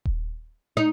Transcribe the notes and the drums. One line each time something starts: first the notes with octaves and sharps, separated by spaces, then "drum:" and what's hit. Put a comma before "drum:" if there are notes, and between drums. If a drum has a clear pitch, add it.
drum: kick D#1
D#4